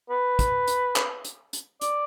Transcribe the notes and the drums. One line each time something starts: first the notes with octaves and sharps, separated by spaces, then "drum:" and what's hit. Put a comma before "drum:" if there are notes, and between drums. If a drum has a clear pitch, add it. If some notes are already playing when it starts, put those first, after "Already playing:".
B4
drum: kick, hi-hat
drum: hi-hat
drum: clap
drum: hi-hat
drum: hi-hat
D5, drum: hi-hat